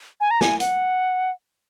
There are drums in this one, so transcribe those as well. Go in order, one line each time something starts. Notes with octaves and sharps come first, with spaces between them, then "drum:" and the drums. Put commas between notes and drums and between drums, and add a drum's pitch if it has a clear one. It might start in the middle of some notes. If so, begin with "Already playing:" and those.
G#5
A#5
G#5, drum: snare
F#5, drum: hi-hat